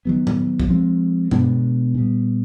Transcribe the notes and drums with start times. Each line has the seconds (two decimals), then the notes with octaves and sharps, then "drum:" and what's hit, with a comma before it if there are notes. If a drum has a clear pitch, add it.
0.05 D#3 F#3 B3
0.27 drum: tom A2
0.60 drum: kick
0.69 F3 G#3 C4
1.31 B2 G#3 B3 D4, drum: tom G2
1.95 A#2 G3 B3